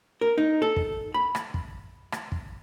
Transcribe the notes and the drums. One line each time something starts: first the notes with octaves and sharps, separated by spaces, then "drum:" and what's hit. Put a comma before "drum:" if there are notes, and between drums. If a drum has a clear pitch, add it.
A#4
D#4
A4
drum: kick
B5
drum: rim click
drum: kick
drum: rim click
drum: kick